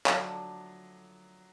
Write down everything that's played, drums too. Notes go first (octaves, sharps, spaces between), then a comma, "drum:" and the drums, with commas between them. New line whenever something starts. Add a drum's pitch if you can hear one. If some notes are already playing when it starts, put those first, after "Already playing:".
D3 F3 F#3 A3 D4, drum: clap